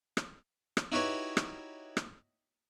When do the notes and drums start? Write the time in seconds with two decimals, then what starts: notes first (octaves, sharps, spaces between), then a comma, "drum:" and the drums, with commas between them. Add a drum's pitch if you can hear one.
0.17 drum: rim click
0.77 drum: rim click
0.92 D#4 E4 F#4 G4 B4 C#5
1.37 drum: rim click
1.97 drum: rim click